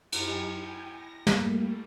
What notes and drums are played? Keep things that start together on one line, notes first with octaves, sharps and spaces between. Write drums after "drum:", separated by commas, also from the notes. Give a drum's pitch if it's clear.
F#2 D#4 G4 G#5 G#6, drum: cymbal
G5 G#5
A#6
G3 A3 A#3, drum: snare